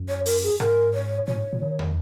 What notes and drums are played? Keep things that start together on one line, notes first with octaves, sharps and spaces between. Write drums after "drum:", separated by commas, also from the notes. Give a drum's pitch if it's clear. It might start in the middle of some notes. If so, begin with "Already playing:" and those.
Already playing: F#2
C#5
A#4, drum: open hi-hat
G#4
G#2 A#4, drum: rim click
C#5
A#2 C#5
G#2
A#2
D#3
drum: tom